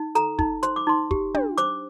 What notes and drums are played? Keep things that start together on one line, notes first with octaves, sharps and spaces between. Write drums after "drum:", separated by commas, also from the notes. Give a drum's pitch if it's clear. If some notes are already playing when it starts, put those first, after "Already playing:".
Already playing: D#4
A4 A#5, drum: hi-hat
D#4, drum: kick
C5 C6, drum: hi-hat
D6
D#4 C6
G4, drum: kick
D4, drum: tom
C5 D6, drum: hi-hat